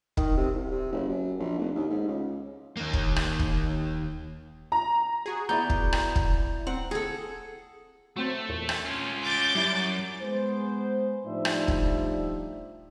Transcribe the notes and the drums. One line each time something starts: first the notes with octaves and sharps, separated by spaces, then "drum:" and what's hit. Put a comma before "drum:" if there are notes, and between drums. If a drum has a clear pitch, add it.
D#3, drum: kick
C3
C2
C3
F#1
F#2
A#1
F1
D#2
G#2
C#2
D#2 A#3
drum: kick
drum: rim click
drum: kick
A#5
F#4 G#4
B3 E4 D5 A#5 G6
drum: kick
drum: rim click
drum: kick
C4 F#5
G#4 A4
F#3 A3 C4 C5
E2 A#2
drum: rim click
C#4 F4
D6 G6 A6
F#2 G3 E4
G#3 B3 G#4 C5
A2 F3 G3 D4 D#4 E5
drum: rim click
drum: kick